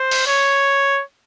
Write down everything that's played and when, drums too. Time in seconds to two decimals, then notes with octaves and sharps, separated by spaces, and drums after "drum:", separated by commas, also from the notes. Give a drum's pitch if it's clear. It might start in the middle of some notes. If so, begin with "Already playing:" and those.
Already playing: C5
0.11 drum: open hi-hat
0.27 C#5